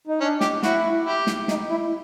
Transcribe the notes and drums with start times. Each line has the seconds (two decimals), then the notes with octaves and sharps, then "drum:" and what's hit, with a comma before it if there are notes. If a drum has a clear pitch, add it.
0.07 D#4
0.20 C#4 D4
0.41 G4, drum: snare
0.63 E4 F#4, drum: snare
1.06 E4 G4
1.27 drum: snare
1.48 D#4, drum: snare
1.69 E4